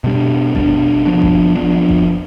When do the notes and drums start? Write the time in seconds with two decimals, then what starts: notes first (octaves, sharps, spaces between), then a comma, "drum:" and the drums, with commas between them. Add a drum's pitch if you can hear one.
0.04 B2 G3 D4
0.55 B2 G3 D4, drum: kick G1
1.05 F3 B3 D4
1.22 drum: kick G1
1.55 F3 B3 D4
1.89 drum: kick G1